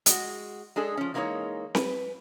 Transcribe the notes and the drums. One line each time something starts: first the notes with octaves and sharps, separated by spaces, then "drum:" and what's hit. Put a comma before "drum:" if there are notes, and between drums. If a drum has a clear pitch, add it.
G#3 F#4, drum: hi-hat
G#3 D4 G#4 A4
F3 C#4
E3 G#3 A#3 C4 D#4 C#5
B4, drum: snare C4